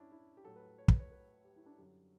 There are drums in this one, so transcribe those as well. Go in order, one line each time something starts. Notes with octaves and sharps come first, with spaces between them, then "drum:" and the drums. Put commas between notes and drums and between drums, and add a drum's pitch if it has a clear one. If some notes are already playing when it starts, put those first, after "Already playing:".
Already playing: G2 C#4 D4 E4
E4
G4
A2 F#3 A4
B4
C#5
B4, drum: kick
C#5
B4
G4
E4
D4
F#2 D3 G3